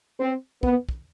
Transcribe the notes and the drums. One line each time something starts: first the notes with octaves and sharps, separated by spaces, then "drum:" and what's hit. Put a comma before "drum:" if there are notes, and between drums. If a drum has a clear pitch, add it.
C4
B3, drum: kick
drum: kick